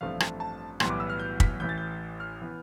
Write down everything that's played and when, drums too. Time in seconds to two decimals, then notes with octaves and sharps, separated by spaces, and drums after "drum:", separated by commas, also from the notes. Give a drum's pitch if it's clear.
0.01 A1 G2 F3 A3 C4 F5
0.20 A5, drum: rim click
0.40 A5
0.80 B1 A2 E3 G3 B3 C6, drum: rim click
0.90 D6
1.00 E6
1.09 F6
1.19 G6
1.40 B6, drum: kick
1.60 A1 A2 E3 G6
1.69 A6
1.78 G6
2.20 F6
2.42 E3 B3